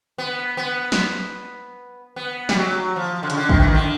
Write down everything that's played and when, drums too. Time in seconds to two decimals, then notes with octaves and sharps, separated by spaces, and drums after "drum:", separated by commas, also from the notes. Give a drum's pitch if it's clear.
0.18 B3
0.57 B3
0.92 drum: snare
2.16 B3
2.49 G3, drum: snare
2.56 F#3
2.96 F3
3.23 D3
3.30 C#3, drum: hi-hat
3.37 D3
3.49 D#3, drum: kick A1
3.60 E3
3.67 D#3
3.75 D3